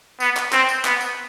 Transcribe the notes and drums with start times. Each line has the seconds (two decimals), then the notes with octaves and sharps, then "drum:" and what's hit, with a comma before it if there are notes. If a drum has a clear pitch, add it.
0.20 B3, drum: tambourine
0.37 drum: clap
0.53 C4, drum: clap
0.69 drum: tambourine
0.85 B3, drum: clap
1.01 drum: tambourine